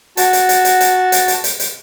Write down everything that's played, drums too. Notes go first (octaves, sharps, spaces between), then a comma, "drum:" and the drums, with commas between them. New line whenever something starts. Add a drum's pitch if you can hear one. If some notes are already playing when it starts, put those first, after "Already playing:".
F#4 A5, drum: hi-hat
drum: hi-hat
drum: hi-hat
drum: hi-hat
drum: hi-hat
drum: hi-hat
drum: hi-hat
drum: hi-hat
drum: hi-hat